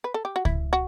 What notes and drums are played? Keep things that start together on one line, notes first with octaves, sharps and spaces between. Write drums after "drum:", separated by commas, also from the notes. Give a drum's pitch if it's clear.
B4
A4
G4
F#4
E4, drum: kick C#2
F#4